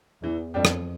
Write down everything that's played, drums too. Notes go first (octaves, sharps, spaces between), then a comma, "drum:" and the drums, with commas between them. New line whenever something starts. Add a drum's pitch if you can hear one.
E2 E3
F2 G3 D4 G4
drum: rim click